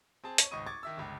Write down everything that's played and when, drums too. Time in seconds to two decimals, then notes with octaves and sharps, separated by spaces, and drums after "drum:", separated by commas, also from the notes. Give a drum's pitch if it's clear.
0.24 C4 G#4 A5
0.38 C#5 D#7, drum: hi-hat
0.51 G#1 C#2 D#5 C#6 D#6 D#7
0.66 C#6 D6 G#6 A6
0.83 D#3 E5 E6
0.97 G1 C#2